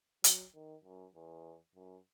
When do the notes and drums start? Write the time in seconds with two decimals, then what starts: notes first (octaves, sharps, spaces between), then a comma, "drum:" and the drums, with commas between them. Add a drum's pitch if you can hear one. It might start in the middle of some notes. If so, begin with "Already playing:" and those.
0.24 F#3, drum: hi-hat
0.54 D#3
0.84 F#2
1.14 E2
1.76 F#2